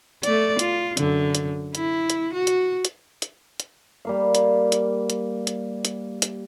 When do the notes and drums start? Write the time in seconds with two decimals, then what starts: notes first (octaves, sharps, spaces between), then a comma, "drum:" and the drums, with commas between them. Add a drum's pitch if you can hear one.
0.23 A3 D5, drum: hi-hat
0.59 F4, drum: hi-hat
0.97 F#2 D3, drum: hi-hat
1.35 drum: hi-hat
1.75 E4, drum: hi-hat
2.10 drum: hi-hat
2.33 F#4
2.47 drum: hi-hat
2.85 drum: hi-hat
3.22 drum: hi-hat
3.60 drum: hi-hat
4.05 G3 A#3 F5
4.35 drum: hi-hat
4.72 drum: hi-hat
5.10 drum: hi-hat
5.47 drum: hi-hat
5.85 drum: hi-hat
6.22 drum: hi-hat